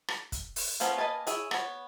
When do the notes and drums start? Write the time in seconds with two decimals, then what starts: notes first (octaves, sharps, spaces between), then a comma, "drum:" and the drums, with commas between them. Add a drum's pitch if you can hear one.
0.08 drum: rim click
0.32 drum: kick, hi-hat
0.56 drum: open hi-hat
0.80 F3 A#3 B3 C#4, drum: hi-hat
0.98 A#3 B4 D#5 G#5 A5
1.27 E4 G#4 C#5, drum: hi-hat
1.51 B3 C#5, drum: rim click